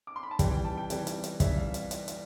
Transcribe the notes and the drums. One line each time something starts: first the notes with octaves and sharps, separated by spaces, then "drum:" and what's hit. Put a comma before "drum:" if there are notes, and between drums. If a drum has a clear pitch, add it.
D6
C6
B5
A5
C3 E3 G3 G5, drum: kick, hi-hat
G5
A5
G5
C3 E3 G3, drum: hi-hat
drum: hi-hat
drum: hi-hat
C3 E3 G3 E5, drum: kick, hi-hat
F5
drum: hi-hat
drum: hi-hat
drum: hi-hat